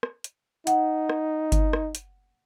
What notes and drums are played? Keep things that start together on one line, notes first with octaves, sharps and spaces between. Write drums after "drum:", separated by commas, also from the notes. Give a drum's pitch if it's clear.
drum: rim click
drum: hi-hat
D#4 F#5, drum: hi-hat
drum: rim click
drum: kick G1, hi-hat
drum: rim click
drum: hi-hat